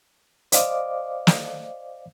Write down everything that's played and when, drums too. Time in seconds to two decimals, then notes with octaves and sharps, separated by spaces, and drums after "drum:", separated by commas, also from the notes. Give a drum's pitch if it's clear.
0.52 C5 D5 D#5 F5 D6, drum: hi-hat
1.27 drum: snare